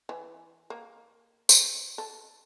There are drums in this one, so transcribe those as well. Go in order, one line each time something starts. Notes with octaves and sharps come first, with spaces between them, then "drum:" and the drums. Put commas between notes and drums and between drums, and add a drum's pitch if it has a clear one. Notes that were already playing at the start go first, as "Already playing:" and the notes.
E3
A#3
C5, drum: tambourine
A4